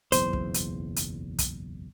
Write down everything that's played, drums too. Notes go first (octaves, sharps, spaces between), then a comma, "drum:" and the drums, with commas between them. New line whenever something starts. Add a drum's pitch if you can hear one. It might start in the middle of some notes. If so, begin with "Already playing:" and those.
F#1 B1 E2 C5, drum: hi-hat
drum: kick
drum: hi-hat
drum: hi-hat
drum: kick, hi-hat